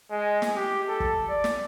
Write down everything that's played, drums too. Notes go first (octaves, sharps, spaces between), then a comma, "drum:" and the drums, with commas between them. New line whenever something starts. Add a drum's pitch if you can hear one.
G#3
drum: snare
G4
A4
drum: kick
D5
drum: snare